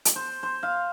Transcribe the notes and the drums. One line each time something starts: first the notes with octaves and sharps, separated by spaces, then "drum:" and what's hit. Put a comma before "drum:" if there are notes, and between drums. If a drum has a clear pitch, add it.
drum: hi-hat
C5
C5
F5